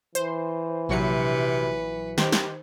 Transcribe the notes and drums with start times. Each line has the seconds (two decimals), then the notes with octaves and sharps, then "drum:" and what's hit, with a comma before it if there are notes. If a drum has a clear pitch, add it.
0.15 E3 C5, drum: hi-hat
0.89 A#1 C3 F#3 B4 C#7
2.18 D#3 G4 C5, drum: snare
2.32 drum: snare